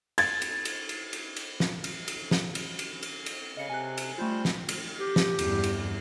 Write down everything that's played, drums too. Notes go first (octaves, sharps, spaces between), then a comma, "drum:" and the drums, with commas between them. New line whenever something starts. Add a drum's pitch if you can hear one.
G#6 A6, drum: cymbal
drum: cymbal
drum: cymbal
drum: cymbal
drum: cymbal
drum: cymbal
drum: snare
drum: cymbal
drum: cymbal
drum: snare
drum: cymbal
drum: cymbal
drum: cymbal
drum: cymbal
C#3 D#5 C#7
C3 G#5 F#6
drum: cymbal
G3 A3 F4 C5
drum: snare
drum: cymbal
G4
drum: snare
E2 G2, drum: cymbal
drum: cymbal